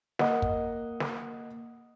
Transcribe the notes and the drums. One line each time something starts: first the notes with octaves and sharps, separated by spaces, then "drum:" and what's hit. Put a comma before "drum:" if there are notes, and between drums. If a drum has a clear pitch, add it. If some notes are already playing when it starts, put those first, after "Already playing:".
A#3 D#5 F#5, drum: snare
drum: kick
drum: snare